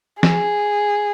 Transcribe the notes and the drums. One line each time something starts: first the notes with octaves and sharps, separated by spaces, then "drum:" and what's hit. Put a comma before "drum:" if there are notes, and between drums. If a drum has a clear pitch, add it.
G#4, drum: snare